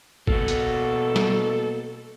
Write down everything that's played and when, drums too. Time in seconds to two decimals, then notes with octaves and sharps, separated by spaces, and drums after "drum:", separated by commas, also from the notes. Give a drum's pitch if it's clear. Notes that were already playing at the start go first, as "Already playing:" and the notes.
0.27 B2 A#3 F#4 A4, drum: kick G#1
0.48 drum: hi-hat
1.16 drum: snare